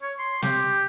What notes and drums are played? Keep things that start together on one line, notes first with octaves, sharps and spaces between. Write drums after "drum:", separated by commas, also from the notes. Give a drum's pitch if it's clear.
C#5
C6
G4, drum: snare